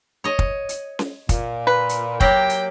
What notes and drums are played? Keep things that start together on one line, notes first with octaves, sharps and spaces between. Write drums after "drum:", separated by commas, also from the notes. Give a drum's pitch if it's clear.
C#5 D#5
drum: kick
drum: hi-hat
drum: snare C#4
A#2, drum: kick, hi-hat
B4
drum: hi-hat
F#3 A#3 G4 G5, drum: kick
drum: hi-hat